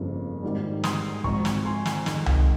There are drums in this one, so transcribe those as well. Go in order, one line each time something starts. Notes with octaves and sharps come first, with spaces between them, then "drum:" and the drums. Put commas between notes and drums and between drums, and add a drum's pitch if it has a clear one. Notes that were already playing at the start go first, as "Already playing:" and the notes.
Already playing: G1 F2 C#3 F3 A#3
G#1 G#2 D#3 G3
C6 D#6, drum: snare
G#1 G#2 F3 C4 A#5 C#6, drum: kick
drum: snare
G#5 C6
drum: snare
F2 D#3 G#3, drum: snare
drum: tom C2